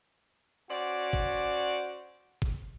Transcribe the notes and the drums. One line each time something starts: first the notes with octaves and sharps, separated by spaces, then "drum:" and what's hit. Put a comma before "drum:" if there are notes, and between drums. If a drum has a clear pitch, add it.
C#4 F#4 C5 D5
drum: kick G1
drum: kick G1